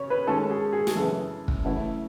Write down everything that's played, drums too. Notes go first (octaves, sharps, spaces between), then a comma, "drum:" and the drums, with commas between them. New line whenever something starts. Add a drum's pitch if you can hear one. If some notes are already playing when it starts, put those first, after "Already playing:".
Already playing: C#3 C#4 C#5
B4
D#3 G#3 C#4 A4
G#4
G#4
G#4, drum: snare
F#2 C#3 E3 A4
drum: kick
C#3 E3 A3 E4